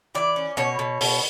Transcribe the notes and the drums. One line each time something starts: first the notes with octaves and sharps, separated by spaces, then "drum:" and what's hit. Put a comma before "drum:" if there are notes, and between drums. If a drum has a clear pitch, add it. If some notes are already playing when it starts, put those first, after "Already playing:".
E3 D5
C#4
B2 C#5
B2
B2, drum: open hi-hat